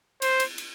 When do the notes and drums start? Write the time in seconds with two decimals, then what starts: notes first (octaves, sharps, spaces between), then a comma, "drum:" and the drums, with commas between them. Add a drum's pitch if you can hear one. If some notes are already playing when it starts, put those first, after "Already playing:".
0.22 C5, drum: cymbal
0.40 drum: cymbal
0.58 drum: cymbal